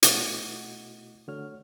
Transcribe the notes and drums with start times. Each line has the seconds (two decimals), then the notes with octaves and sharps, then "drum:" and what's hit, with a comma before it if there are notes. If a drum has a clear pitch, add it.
0.03 B2 A3 E4 F#4 D#5 F#5, drum: hi-hat
1.28 D3 A3 F#4 C#5 F6